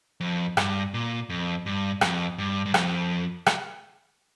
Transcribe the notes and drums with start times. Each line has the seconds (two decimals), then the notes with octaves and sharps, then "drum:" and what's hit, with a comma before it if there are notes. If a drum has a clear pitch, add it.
0.20 F2
0.57 G2, drum: rim click
0.94 A#2
1.29 F2
1.66 G2
2.01 F2, drum: rim click
2.38 G2
2.66 G2
2.74 F2, drum: rim click
3.46 drum: rim click